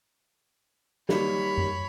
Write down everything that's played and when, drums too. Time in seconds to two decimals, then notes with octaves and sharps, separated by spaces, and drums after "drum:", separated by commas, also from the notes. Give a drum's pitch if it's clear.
1.09 D#3 G3 A#3 C#5 B5, drum: snare
1.57 drum: tom F#2